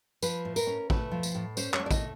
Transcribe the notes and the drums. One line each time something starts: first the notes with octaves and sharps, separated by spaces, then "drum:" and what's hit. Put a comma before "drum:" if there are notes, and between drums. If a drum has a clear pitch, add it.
F3 B4, drum: tambourine
A2
A#4, drum: tambourine
C#4
A3 B4, drum: kick
F3
drum: tambourine
A2
C#4 C5, drum: tambourine
C#5, drum: clap
A3
D5
D#5, drum: kick, tambourine